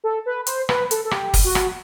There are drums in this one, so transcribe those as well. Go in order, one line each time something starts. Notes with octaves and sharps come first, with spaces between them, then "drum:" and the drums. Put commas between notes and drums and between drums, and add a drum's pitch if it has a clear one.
A4
B4
C5, drum: hi-hat
B4, drum: rim click
A4, drum: hi-hat
A4
G4, drum: rim click
drum: kick, open hi-hat
F#4
drum: rim click